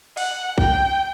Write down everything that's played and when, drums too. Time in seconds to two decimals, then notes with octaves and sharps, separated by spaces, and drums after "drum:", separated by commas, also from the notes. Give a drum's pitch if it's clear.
0.17 F#5, drum: open hi-hat
0.58 G5, drum: kick